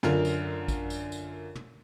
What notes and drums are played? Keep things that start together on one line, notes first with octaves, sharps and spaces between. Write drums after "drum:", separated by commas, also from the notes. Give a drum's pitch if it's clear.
F#2 D3 F4 A#4, drum: snare
drum: tambourine
drum: kick, tambourine
drum: tambourine
drum: tambourine
drum: tom